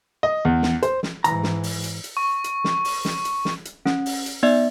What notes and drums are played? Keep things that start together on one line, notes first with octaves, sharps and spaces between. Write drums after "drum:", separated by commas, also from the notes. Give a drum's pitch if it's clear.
D#5
E2
drum: snare
C5, drum: hi-hat
drum: snare
G#2 E3 A#5, drum: hi-hat
drum: snare
drum: open hi-hat
drum: hi-hat
drum: hi-hat
C#6
drum: hi-hat
drum: snare
drum: open hi-hat
drum: snare
drum: hi-hat
drum: snare
drum: hi-hat
C#4, drum: snare
drum: open hi-hat
drum: hi-hat
B3 D#4 D5 E5